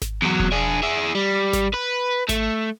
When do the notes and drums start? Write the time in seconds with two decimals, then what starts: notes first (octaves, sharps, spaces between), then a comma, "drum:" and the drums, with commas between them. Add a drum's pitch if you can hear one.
0.02 drum: snare G#1
0.22 E2 F#3
0.40 drum: kick E1
0.52 D4 G#4
0.83 E4 G#4
1.15 G3
1.53 drum: snare G#1
1.74 B4
2.29 A3, drum: snare G#1